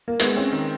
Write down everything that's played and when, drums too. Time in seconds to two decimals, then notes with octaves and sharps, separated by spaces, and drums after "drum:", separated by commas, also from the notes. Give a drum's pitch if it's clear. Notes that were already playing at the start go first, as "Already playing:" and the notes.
0.08 A#3
0.19 G#3 B3, drum: hi-hat
0.36 C4 C#4
0.52 D#3